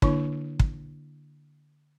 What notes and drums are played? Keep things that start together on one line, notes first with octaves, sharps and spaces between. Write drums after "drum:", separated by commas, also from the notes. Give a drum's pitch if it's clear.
D3 A#3 D4 E4 C#5 C#6, drum: kick
drum: kick